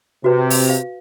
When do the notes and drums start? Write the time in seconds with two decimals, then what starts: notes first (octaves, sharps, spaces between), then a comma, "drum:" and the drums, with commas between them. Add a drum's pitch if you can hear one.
0.24 C3 F#4 B4
0.50 drum: open hi-hat
0.69 F5